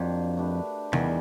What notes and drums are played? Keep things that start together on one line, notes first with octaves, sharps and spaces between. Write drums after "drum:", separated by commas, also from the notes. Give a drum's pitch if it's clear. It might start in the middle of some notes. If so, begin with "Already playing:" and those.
Already playing: F2 F#3 A#3 D4 G4
A3 D4 G4 B4
E2 D#3 G3 B3, drum: tom C3